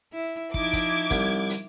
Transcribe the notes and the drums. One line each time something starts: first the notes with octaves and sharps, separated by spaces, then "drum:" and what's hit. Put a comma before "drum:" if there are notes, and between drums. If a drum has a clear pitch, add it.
E4
F3 D#4 E4 D6 G#6, drum: kick
drum: kick, hi-hat
C2, drum: kick, hi-hat
drum: hi-hat